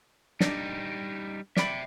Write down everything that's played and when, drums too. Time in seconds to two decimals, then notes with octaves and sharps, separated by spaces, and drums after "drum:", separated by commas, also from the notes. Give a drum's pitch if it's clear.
0.41 G3 D4 D#4, drum: snare
1.57 D5 E5 G5 B5, drum: snare